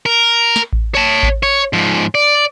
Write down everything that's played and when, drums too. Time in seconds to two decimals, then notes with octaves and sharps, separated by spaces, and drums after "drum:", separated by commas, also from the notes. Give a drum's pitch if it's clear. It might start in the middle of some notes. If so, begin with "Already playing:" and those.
0.06 A#4
0.56 drum: snare
0.73 drum: kick A1
0.95 C#5 A5
1.23 drum: kick A1
1.43 C#5
1.73 G#2 F3
2.15 D5